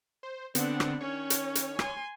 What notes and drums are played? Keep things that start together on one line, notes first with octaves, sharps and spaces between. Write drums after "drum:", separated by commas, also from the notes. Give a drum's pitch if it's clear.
C5
D3 B3 C4 D4 F#5, drum: hi-hat
drum: rim click
D#3 C#4 C#5
drum: hi-hat
drum: hi-hat
G#5 C6, drum: rim click